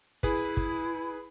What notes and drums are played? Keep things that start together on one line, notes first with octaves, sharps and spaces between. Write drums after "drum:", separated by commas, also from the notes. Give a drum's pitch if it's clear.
E4 G#4 B4, drum: kick
drum: kick